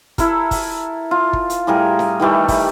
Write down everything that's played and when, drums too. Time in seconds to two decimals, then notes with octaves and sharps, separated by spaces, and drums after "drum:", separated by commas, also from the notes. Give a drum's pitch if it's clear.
0.18 E4 A4 A#4, drum: kick, hi-hat
0.51 drum: kick, open hi-hat
1.11 F4
1.33 drum: kick
1.50 drum: hi-hat
1.67 A2 G3 G#4 A#4
1.99 drum: snare
2.20 D#3 E3 G3 A3
2.48 drum: kick, open hi-hat